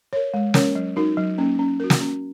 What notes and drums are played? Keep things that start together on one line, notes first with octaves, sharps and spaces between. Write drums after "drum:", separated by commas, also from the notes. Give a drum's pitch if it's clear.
A#4 C#5
G#3
C#4 A#4 C#5, drum: snare
F#3
D#4 F#4 A#4
F#3
A#3 C#4
C#4
F#4 A#4
drum: snare
C#4